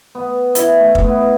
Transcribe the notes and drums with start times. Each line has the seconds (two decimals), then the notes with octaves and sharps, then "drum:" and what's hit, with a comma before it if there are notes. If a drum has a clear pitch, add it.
0.15 B3
0.55 E4, drum: hi-hat
0.80 A3
0.95 drum: kick
1.04 B3